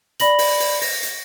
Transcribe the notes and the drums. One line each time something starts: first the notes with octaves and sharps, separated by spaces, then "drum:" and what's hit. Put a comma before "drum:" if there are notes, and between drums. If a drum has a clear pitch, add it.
D5 B5 A#6 F#7, drum: hi-hat
drum: open hi-hat
drum: open hi-hat
A#6, drum: open hi-hat
drum: hi-hat